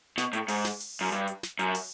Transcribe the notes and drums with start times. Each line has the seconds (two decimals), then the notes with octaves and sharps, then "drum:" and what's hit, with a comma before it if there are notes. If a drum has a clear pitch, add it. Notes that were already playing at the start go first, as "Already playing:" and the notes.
0.18 B2, drum: snare
0.33 A2, drum: hi-hat
0.48 G#2, drum: open hi-hat
0.65 drum: snare
0.80 drum: open hi-hat
1.01 F#2
1.12 G2, drum: hi-hat
1.27 drum: hi-hat
1.43 drum: snare
1.59 F#2, drum: hi-hat
1.75 drum: open hi-hat